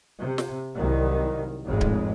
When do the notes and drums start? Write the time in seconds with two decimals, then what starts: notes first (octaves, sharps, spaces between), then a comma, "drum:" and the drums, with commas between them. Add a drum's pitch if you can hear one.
0.18 C3
0.38 drum: snare
0.74 C2 D#3 F#3
1.65 G#1 F2 A2 G#3
1.81 drum: kick D1